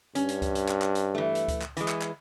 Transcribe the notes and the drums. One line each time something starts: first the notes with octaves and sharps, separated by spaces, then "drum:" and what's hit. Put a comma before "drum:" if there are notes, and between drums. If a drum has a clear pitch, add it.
G2 C#4, drum: hi-hat
drum: hi-hat
drum: kick C#2, hi-hat
drum: hi-hat
drum: clap
drum: clap
drum: hi-hat
E3 A3
drum: hi-hat
drum: kick C#2, hi-hat
drum: clap
E3 G#3, drum: hi-hat
drum: clap
drum: clap